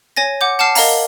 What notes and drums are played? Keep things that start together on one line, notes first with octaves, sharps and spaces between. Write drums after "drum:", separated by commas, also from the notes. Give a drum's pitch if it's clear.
C#5 G#5 A6 A#6
F#5 D6 G6
F#5 A5 D6 F6 C7
A#4 D#5 F5 A#5, drum: open hi-hat